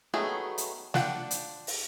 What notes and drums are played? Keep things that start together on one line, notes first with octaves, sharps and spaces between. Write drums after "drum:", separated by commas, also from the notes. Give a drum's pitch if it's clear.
D#3 F#3 A3 B3 G#4
drum: hi-hat
D4 F4 F#5 G5, drum: snare
drum: hi-hat
drum: open hi-hat